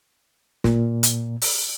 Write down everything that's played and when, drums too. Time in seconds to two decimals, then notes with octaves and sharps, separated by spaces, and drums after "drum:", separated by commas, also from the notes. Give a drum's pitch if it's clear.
0.64 A#2, drum: snare
1.03 drum: hi-hat
1.42 drum: open hi-hat